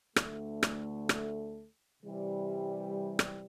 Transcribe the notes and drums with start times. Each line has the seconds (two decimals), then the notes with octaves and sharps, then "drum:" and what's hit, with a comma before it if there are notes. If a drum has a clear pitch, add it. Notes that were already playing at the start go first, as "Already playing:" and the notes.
0.16 D2 D3 A3, drum: rim click
0.63 drum: rim click
1.09 drum: rim click
2.03 C3 E3 G3
3.19 drum: rim click